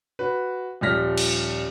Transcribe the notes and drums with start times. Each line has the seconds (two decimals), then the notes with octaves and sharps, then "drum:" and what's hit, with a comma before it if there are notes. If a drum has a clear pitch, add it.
0.19 F#4 B4
0.81 D#1 F3 G3 F6 A#6 B6
1.18 drum: cymbal